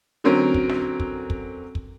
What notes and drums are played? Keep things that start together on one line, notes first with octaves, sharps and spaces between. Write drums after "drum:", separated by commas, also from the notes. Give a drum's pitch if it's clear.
D3 F#3 C4 C#4 A#4
drum: kick
drum: snare
drum: kick
drum: kick
drum: kick